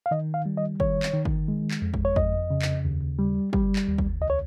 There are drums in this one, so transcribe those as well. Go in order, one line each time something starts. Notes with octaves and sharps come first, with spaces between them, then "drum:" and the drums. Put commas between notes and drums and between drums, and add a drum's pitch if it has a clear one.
F5
D#3 D#5
F5
G3
D#5
D#3 C#5, drum: kick
drum: clap
D#3
drum: kick
G#3
drum: clap
F2
drum: kick
C#5
F2 D#5, drum: kick
C#3
drum: clap
D#2
G3
G3, drum: kick
drum: clap
D#2
drum: kick
C#2 D#5
C#5